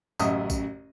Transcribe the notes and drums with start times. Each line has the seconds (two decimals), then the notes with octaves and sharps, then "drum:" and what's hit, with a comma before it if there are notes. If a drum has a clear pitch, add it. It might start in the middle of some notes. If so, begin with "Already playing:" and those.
0.19 A1 F#2 C#3 D#5 E5 D#6, drum: tambourine
0.50 drum: kick A#1, tambourine